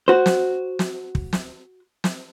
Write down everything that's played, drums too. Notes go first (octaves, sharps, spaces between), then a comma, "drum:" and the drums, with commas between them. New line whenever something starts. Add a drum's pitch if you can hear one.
F#4 C5
drum: snare
drum: snare
drum: kick
drum: snare
drum: snare